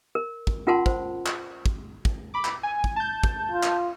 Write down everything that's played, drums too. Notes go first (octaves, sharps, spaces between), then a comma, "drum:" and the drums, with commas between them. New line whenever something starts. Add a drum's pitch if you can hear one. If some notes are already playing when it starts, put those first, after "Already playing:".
A#4
drum: kick
C#4 F4 A#4 F#5 A5 C6
C5, drum: kick
drum: clap
drum: kick
drum: kick
B5 D6
drum: clap
G#5
drum: kick
A5 G6
drum: kick
F4
drum: clap